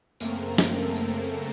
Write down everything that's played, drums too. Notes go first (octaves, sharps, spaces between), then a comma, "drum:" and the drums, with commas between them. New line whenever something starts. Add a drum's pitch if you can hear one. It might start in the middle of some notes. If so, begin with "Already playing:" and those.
F#2 C#3 A3 A#3 C4 A#4, drum: tambourine
A#3 A#4
drum: snare
A3 A4
drum: tambourine